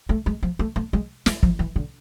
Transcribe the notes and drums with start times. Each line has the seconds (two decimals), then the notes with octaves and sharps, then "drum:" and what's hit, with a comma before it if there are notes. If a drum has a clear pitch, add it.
0.09 A3
0.26 G#3
0.43 F3
0.59 A3
0.76 A3
0.93 G#3
1.26 G#3, drum: snare
1.43 F3, drum: kick
1.59 E3
1.76 D3